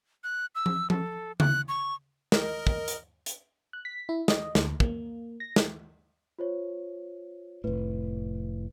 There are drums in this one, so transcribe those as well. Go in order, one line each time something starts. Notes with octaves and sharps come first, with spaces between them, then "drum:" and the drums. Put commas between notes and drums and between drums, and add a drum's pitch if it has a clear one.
F#6
E6
drum: tom F3
A4, drum: tom F3
F#6, drum: tom C#3
C#6
A#4 D#5, drum: snare
drum: kick
drum: hi-hat
drum: hi-hat
F#6
B6
E4
D#5, drum: snare
D2, drum: snare
A#3, drum: kick
A#6
drum: snare
F4 C5 C#5
F1 A2 B4